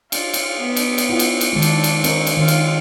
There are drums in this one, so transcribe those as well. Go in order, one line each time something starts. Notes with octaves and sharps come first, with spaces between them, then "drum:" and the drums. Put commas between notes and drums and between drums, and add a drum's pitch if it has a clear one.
F4, drum: cymbal
drum: cymbal
B3
drum: cymbal
drum: cymbal
E4 F4 F#5
drum: cymbal
drum: cymbal
D#3 G#3 D4
drum: cymbal
drum: cymbal
C4 A#4 C#5, drum: cymbal
drum: cymbal
D#3 F4
drum: cymbal